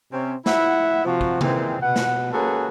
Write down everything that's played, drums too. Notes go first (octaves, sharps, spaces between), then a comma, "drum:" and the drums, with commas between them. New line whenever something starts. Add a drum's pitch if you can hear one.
C3 C4 C#4
E4 E5 F#5, drum: snare
C3 F3 F#4
drum: kick
A#2 D#3 E3 G#3 C4, drum: tom C3
B2 F#5
drum: snare
A#3 C#4 F#4 G#4 A4 B4